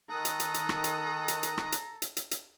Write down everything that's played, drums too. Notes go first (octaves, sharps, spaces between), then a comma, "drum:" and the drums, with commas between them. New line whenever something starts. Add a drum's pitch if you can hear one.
D#3 A4 A#5 D#6 F#6
drum: hi-hat
drum: hi-hat
drum: hi-hat
drum: rim click
drum: hi-hat
drum: hi-hat
drum: hi-hat
drum: rim click
drum: hi-hat
drum: hi-hat
drum: hi-hat
drum: hi-hat